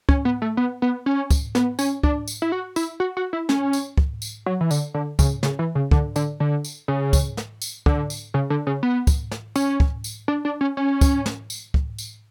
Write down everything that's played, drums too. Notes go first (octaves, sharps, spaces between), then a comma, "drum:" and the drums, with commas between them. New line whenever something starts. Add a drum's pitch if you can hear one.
C#4, drum: kick
B3
A3
B3
B3
C#4
drum: kick, tambourine
B3, drum: snare
C#4, drum: tambourine
D4, drum: kick
drum: tambourine
E4
F#4
E4, drum: tambourine
F#4
F#4
E4
C#4, drum: snare
drum: tambourine
drum: kick
drum: tambourine
F#3
E3
D3, drum: tambourine
D3
C#3, drum: kick, tambourine
C#3, drum: snare
E3
C#3
D3, drum: kick
D3, drum: tambourine
D3
drum: tambourine
C#3
drum: kick, tambourine
drum: snare
drum: tambourine
D3, drum: kick
drum: tambourine
C#3
D3
C#3
B3
drum: kick, tambourine
drum: snare
C#4, drum: tambourine
drum: kick
drum: tambourine
D4
D4
C#4
C#4
drum: kick, tambourine
drum: snare
drum: tambourine
drum: kick
drum: tambourine